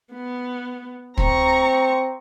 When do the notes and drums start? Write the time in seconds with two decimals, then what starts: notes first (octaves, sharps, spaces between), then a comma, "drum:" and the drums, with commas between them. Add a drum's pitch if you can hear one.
0.13 B3
1.17 C4 A#5 C#6, drum: kick